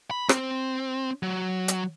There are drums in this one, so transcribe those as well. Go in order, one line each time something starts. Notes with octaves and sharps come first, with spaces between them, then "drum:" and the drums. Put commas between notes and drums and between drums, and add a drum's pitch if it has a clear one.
B5
C4, drum: rim click
F#3
drum: hi-hat